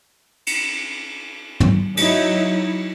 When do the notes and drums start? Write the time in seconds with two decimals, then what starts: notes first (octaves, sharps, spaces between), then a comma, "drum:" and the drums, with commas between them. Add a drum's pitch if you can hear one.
0.47 drum: cymbal
1.60 drum: tom
1.97 F#3 D#4 E4, drum: cymbal